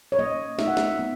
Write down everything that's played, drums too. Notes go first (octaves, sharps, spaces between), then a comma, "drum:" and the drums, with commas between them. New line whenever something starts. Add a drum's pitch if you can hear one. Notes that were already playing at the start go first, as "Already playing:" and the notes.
C#5
A#3 D#5
D#4 E5, drum: snare
F#5
E5, drum: snare
B3